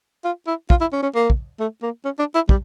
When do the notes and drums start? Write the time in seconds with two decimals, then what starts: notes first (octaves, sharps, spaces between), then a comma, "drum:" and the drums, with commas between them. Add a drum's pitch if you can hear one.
0.24 F4
0.47 E4
0.70 F4, drum: kick
0.81 E4
0.93 C#4
1.03 C#4
1.15 A#3
1.30 drum: kick
1.60 A3
1.83 A#3
2.05 C#4
2.19 D4
2.35 E4
2.49 G3, drum: kick